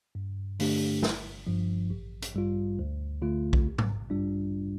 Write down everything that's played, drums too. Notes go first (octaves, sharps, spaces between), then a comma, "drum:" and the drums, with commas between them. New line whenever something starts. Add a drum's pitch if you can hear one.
G2
D3 A3 D4 G4, drum: open hi-hat
G1, drum: snare
G2 F3
A1
drum: hi-hat
G2 G3 F4
D2
D3 A3 F4
drum: kick B1
A1
drum: tom G#2
G2 G3 D4 F4